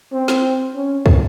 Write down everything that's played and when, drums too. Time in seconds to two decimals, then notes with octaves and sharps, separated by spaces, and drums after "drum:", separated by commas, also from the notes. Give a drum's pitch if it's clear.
0.12 C4
0.28 drum: snare
0.75 C#4
1.06 drum: kick